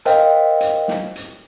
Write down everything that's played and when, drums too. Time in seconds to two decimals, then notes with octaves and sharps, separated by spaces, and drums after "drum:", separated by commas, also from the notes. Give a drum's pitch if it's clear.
0.05 A#4 C5 D#5 F5 G5, drum: hi-hat
0.61 drum: hi-hat
0.88 drum: snare
1.16 drum: hi-hat